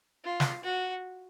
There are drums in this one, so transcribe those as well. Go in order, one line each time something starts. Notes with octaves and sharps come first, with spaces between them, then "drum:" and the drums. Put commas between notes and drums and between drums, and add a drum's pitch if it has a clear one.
F4
drum: snare
F#4